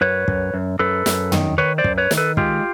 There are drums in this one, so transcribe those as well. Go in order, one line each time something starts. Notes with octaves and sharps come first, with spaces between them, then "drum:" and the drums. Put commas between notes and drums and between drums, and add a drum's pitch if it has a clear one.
F#2 B4 C#5
F#2, drum: kick
F#2
F#2 A4 B4
F#2, drum: snare
D#3, drum: tom
D#3 B4 C#5
C5 D5
F#2, drum: kick
B4 C#5
D#3, drum: snare
A4 B4
G#3 F4 G4, drum: kick